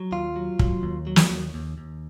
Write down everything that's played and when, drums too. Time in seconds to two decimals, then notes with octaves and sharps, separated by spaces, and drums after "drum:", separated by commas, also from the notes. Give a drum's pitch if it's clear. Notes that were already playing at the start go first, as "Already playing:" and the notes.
Already playing: F#3
0.12 D#2 F4
0.36 F#3
0.59 F#3, drum: kick
0.83 D#2
1.07 F#3
1.16 drum: snare
1.30 D#2
1.54 D#2
1.78 D#2